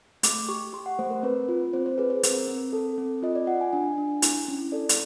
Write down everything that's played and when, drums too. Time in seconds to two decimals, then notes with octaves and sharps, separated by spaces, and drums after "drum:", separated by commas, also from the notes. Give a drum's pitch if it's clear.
0.23 A3 D6, drum: hi-hat
0.49 G4 C#6
0.73 G4 C6
0.86 F#5
0.99 A3 C5
1.10 A#4
1.23 C4 B4
1.49 F4
1.73 C4 C5
1.86 C5
1.98 G#4 B4
2.10 C5
2.23 C4 A#4, drum: hi-hat
2.48 C4
2.73 A4
2.98 C4
3.23 F4 D#5
3.35 D5
3.47 F4 F#5
3.61 G#5
3.73 D4 G#5
3.98 D4
4.22 E4, drum: hi-hat
4.48 C#4
4.72 A4 D5
4.89 drum: hi-hat